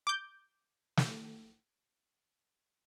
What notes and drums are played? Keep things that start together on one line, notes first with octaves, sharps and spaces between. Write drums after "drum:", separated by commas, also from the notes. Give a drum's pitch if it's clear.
D6 G6
drum: snare